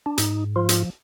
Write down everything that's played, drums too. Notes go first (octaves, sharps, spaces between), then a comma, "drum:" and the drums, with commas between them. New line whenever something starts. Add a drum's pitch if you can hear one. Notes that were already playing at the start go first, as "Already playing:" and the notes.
D4
G#2 D#4, drum: hi-hat
F3 F4
drum: hi-hat